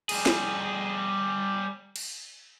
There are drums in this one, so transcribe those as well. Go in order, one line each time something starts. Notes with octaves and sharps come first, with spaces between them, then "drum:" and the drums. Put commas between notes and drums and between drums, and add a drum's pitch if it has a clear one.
G3 G#4, drum: cymbal
drum: snare
drum: cymbal